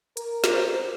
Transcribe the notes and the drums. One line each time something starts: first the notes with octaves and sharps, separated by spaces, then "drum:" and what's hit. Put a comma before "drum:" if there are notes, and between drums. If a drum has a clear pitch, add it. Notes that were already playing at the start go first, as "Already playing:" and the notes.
A#4, drum: hi-hat
drum: snare
C5